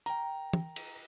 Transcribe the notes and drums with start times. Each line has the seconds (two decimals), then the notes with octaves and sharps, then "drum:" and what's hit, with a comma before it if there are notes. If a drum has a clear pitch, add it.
0.06 A#4 G5 A#5, drum: hi-hat
0.53 drum: tom
0.76 drum: cymbal